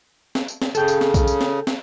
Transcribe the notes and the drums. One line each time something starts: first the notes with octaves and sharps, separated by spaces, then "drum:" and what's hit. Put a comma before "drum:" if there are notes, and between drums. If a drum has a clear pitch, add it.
drum: snare
drum: tambourine
drum: snare
C#3 A4 G5, drum: tambourine
drum: tambourine
drum: snare
drum: kick B1, tambourine
drum: tambourine
drum: snare
drum: snare